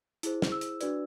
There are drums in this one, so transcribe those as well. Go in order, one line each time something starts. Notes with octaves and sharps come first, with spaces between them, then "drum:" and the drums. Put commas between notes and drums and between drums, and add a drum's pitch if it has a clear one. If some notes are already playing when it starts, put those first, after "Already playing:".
E4 G#4 C5, drum: hi-hat
drum: snare
E6
drum: hi-hat
D4 F#4 B4 D5, drum: hi-hat